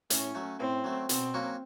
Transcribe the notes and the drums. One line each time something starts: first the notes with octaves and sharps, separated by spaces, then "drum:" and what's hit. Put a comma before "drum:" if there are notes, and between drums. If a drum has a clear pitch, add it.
A2 C#4, drum: hi-hat
F#3 A3
A2 C4
F#3 A3
B2 C4, drum: hi-hat
F#3 A#3 C#4 F#4